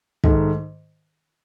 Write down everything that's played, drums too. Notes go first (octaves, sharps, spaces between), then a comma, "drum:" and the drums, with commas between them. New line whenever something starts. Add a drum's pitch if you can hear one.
G#2 D#3 A3, drum: kick